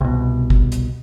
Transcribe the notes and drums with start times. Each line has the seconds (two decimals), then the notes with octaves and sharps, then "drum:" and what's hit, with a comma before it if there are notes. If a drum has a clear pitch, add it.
0.01 C2 B2
0.50 drum: kick
0.72 drum: hi-hat